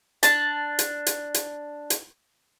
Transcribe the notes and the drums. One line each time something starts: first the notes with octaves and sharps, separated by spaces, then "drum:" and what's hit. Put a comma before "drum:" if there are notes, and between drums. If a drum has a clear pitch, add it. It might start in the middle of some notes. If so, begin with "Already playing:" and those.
D4 A5, drum: hi-hat
drum: hi-hat
drum: hi-hat
drum: hi-hat
drum: hi-hat